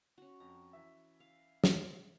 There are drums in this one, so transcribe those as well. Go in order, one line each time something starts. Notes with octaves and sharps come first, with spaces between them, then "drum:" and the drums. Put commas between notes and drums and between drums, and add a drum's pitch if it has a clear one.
C#4 F#4
F2 A#5
E3 E5
F5
drum: snare